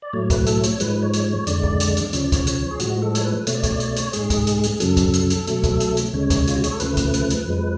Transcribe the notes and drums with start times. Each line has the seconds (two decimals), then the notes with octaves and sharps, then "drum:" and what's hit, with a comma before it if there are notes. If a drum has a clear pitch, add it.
0.02 D5
0.13 A2 F#3 A3 C#5
0.30 B4, drum: kick C2, hi-hat
0.46 A4, drum: hi-hat
0.63 C#5, drum: hi-hat
0.80 G#2 F3 G#3 B4, drum: hi-hat
1.02 C#5
1.13 drum: hi-hat
1.24 C#5
1.47 F2 D3 G#3 D5, drum: hi-hat
1.63 drum: kick C2
1.80 drum: hi-hat
1.97 drum: hi-hat
2.13 D2 C#3 F3 C#5, drum: hi-hat
2.23 D5
2.32 C#5, drum: kick C2, hi-hat
2.47 drum: hi-hat
2.71 G#4
2.80 A2 F3 G#3 F#4, drum: hi-hat
3.02 A4
3.15 C#5, drum: hi-hat
3.25 B4
3.47 B2 A3 C#5, drum: hi-hat
3.55 D5
3.63 C#5, drum: kick C2, hi-hat
3.72 D5
3.80 C#5, drum: hi-hat
3.88 D5
3.96 C#5, drum: hi-hat
4.13 G#2 G#3 G#4, drum: hi-hat
4.30 drum: kick C2, hi-hat
4.47 drum: hi-hat
4.63 drum: hi-hat
4.80 F#2 C#3 F#3 A4, drum: hi-hat
4.97 drum: kick C2, hi-hat
5.13 drum: hi-hat
5.30 drum: hi-hat
5.47 B2 F#3 A3, drum: hi-hat
5.63 drum: kick C2, hi-hat
5.80 drum: hi-hat
5.97 drum: hi-hat
6.13 D2 C#3 G#3 C#5
6.30 drum: kick C2, hi-hat
6.47 F4, drum: hi-hat
6.56 F#4
6.64 G#4, drum: hi-hat
6.72 A4
6.80 D2 C#3 F3 A3 B4, drum: hi-hat
6.97 drum: kick C2, hi-hat
7.14 drum: hi-hat
7.30 drum: hi-hat
7.47 F2 F3 G#3